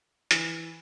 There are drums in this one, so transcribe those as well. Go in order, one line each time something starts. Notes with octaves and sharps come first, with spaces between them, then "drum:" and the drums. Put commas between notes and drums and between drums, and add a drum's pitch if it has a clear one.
E3, drum: hi-hat